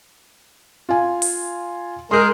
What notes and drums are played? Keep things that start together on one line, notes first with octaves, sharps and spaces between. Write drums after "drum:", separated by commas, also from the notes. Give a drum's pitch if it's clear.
F4 G#5
drum: open hi-hat
G#3 G#4 A#4 C6 G6